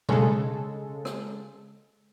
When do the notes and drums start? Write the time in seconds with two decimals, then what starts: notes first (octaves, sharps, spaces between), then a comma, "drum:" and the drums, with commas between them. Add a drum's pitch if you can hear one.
0.09 C#3 G#3 A4, drum: tom B2
1.05 drum: rim click